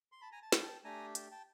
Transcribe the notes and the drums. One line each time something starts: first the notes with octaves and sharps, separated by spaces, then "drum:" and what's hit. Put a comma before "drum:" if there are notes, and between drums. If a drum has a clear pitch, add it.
C6
A5 B5
G#5 A#5
A5
G#5, drum: snare
G5 A5
A3 D4 G4 G#5 A#5
G5 A5, drum: hi-hat
G5 A5